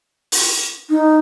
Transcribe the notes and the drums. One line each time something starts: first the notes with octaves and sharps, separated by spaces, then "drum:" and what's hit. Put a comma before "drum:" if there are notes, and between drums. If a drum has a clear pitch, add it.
drum: open hi-hat
D#4